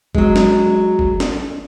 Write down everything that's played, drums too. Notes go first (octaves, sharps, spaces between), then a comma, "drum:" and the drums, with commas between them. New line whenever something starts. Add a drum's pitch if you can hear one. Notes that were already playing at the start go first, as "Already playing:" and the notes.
F#3 G#3, drum: kick
drum: snare
drum: kick
drum: snare